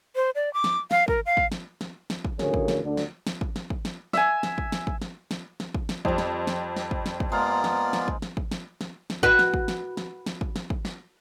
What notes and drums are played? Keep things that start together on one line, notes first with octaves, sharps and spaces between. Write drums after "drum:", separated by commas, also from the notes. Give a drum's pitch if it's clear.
C5
D5
D6
drum: snare
F5, drum: snare
A#4, drum: kick
F5
drum: kick
drum: snare
drum: snare
drum: snare
drum: kick
A1 D2 C#3 G#4 A#4 C#5, drum: snare
drum: kick
drum: snare
D2 D3 D4
drum: snare
drum: snare
drum: kick
drum: snare
drum: kick
drum: snare
E5 G#5, drum: snare
drum: snare
drum: kick
drum: snare
drum: kick
drum: snare
drum: snare
drum: snare
drum: kick
drum: snare
F2 G3 C4, drum: kick
drum: snare
drum: snare
drum: snare
drum: kick
drum: snare
drum: kick
G#3 A#3 B3 F4 D5 F5 A#5
drum: snare
drum: snare
drum: kick
drum: snare
drum: kick
drum: snare
drum: snare
drum: snare
F#4 B4, drum: kick
drum: snare
drum: kick
drum: snare
drum: snare
drum: snare
drum: kick
drum: snare
drum: kick
drum: snare